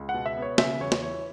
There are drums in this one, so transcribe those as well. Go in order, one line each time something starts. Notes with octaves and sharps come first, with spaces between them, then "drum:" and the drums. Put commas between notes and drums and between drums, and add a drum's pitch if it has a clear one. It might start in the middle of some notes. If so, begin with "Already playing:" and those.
Already playing: C#2
F#5
B2
E5
B3
C#5
C#3 E5, drum: snare
E2 C#5
drum: snare
E3 C#5